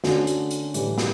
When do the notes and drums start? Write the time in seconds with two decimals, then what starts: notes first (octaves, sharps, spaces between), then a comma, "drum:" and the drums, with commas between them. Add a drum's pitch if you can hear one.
0.04 D3 A3 C#4 F#4, drum: snare
0.27 drum: hi-hat
0.51 drum: hi-hat
0.74 A2 E3 G3, drum: hi-hat
0.98 drum: snare